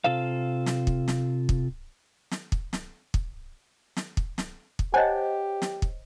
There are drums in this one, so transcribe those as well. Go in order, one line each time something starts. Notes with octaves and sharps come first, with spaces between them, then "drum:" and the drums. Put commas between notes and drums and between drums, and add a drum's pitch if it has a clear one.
C3 F4 A4 C5 F5
drum: snare
drum: kick
drum: snare
drum: kick
drum: snare
drum: kick
drum: snare
drum: kick
drum: snare
drum: kick
drum: snare
drum: kick
G4 C5 C#5 D#5 F#5 G#5 A5
drum: snare
drum: kick